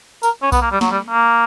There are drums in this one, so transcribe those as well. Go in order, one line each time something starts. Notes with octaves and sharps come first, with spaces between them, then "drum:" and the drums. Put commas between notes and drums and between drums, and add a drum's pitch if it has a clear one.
A#4, drum: tambourine
C#4
B3, drum: kick B1, tambourine
A#3
G3
F#3, drum: snare
G3
A#3